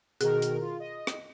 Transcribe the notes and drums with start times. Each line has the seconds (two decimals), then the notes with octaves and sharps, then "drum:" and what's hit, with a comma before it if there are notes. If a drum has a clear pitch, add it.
0.21 B2 D#3 G#4 A#4, drum: hi-hat
0.42 drum: hi-hat
0.61 F4
0.80 D#5
1.07 drum: rim click